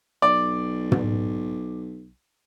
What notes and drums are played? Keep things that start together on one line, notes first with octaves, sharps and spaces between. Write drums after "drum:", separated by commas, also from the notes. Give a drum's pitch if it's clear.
B1 D5
drum: tom